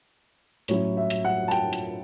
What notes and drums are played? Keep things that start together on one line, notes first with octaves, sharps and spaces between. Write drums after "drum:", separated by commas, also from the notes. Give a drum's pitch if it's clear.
A2 F#3 C#4 E4 C#5, drum: hi-hat
E5
drum: hi-hat
F#5
A5
G5, drum: hi-hat
drum: hi-hat